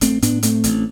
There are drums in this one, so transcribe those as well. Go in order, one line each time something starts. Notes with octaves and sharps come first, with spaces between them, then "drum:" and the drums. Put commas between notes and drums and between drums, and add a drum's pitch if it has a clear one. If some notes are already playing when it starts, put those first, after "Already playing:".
A1 A3 C4, drum: hi-hat
A2 B3 D4, drum: hi-hat
A2 A3 C4, drum: hi-hat
A1, drum: hi-hat